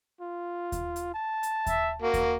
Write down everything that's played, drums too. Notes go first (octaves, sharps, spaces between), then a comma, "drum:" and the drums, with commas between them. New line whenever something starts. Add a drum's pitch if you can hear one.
F4
drum: kick D#2, hi-hat
drum: hi-hat
A5
drum: hi-hat
E5, drum: kick D#2, hi-hat
A#3 F#4
drum: kick D#2, hi-hat